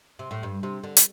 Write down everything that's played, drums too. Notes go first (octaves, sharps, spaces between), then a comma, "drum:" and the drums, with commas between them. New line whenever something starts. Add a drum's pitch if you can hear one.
C3
A2
G2
C3
D3
drum: hi-hat